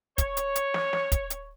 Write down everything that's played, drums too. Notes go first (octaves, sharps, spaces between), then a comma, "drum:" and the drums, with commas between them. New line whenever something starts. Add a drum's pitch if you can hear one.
C#5, drum: kick, hi-hat
drum: hi-hat
drum: hi-hat
drum: snare
drum: snare
drum: kick, hi-hat
drum: hi-hat